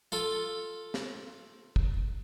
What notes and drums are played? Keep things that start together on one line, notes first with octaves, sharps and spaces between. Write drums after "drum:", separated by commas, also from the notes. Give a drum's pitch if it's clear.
F4 A4
drum: snare C4
drum: kick